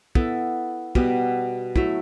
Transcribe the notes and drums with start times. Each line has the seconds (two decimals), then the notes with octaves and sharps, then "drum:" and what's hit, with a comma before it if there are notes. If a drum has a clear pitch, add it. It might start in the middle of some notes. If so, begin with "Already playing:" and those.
0.15 B3 E4 A4, drum: kick
0.95 B2 G3 B3, drum: kick
1.76 F#3 A3 E4, drum: kick